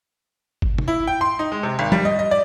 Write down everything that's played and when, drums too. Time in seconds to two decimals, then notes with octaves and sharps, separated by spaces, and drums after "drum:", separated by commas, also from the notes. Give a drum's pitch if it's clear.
0.62 drum: kick G1
0.78 drum: tom
0.88 E4
1.07 G5
1.21 C6
1.39 D#4
1.52 G#3
1.63 C3
1.79 G#1
1.92 G3, drum: tom
2.05 D#5
2.19 D#5
2.31 D5